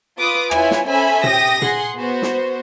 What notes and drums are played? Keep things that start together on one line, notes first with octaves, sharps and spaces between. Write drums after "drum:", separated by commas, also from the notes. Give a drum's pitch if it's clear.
F4 B4 D6 D#6
E4 F4 B4 C#5 E5 G#5, drum: rim click
drum: snare
C#4 A4 C5 E5 G#5 B5
G4 D#6 A#6, drum: tom
G#4 F#5 C6, drum: tom
B3 F#4 C5
drum: snare